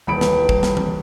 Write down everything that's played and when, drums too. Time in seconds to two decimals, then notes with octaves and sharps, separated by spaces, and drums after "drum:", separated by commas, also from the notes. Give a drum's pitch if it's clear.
0.07 D#1 C2 E3 B5 D7
0.21 drum: snare
0.49 drum: kick
0.63 drum: snare
0.77 drum: tom E3